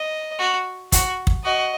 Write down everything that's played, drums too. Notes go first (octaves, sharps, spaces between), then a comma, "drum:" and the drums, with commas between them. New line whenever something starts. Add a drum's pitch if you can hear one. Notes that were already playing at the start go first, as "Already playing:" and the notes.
Already playing: D#5
F#4
F#4, drum: kick, hi-hat
drum: kick
F#4 D#5